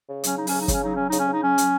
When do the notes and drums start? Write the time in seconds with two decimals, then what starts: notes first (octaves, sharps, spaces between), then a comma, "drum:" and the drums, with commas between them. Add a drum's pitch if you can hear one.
0.09 C#3
0.24 F#3 C#4, drum: hi-hat
0.35 F#3 D#4
0.47 C#4, drum: open hi-hat
0.53 C#3
0.59 D#4
0.68 C#3 C#4, drum: kick, hi-hat
0.82 F#3 D#4
0.94 F#3 C#4
1.06 D#4
1.12 C#3, drum: hi-hat
1.18 C#4
1.28 C#3 D#4
1.42 F#3 C#4
1.58 F#3, drum: hi-hat